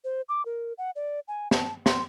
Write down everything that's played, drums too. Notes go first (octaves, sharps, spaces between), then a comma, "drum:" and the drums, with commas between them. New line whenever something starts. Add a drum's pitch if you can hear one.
C5
D6
A#4
F#5
D5
G#5
A5, drum: snare
C6, drum: snare